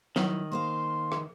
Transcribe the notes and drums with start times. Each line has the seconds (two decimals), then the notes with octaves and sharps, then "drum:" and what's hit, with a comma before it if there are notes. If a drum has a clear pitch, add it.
0.16 D#3 F#3 E4, drum: snare
0.52 A#3 C5 F5 C6
1.12 drum: rim click